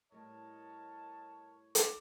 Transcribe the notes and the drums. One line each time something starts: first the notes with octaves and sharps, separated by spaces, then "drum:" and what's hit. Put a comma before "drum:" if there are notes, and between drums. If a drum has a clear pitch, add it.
A2 G3 A#4 C#5 D#5 A5
drum: hi-hat